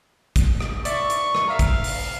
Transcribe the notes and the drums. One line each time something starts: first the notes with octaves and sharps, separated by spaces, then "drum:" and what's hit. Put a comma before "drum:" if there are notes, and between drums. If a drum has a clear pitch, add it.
drum: kick, hi-hat
drum: rim click
D5 E5 C#6 A6, drum: hi-hat
drum: hi-hat
drum: rim click
E5 F5 A#5
drum: kick, hi-hat
drum: open hi-hat